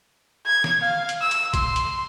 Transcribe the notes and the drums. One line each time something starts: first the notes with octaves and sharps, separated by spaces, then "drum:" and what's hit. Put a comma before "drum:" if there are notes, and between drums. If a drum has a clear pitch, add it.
G#6
drum: snare
F5
drum: hi-hat
E6
drum: hi-hat
C6, drum: kick A#1, hi-hat
drum: hi-hat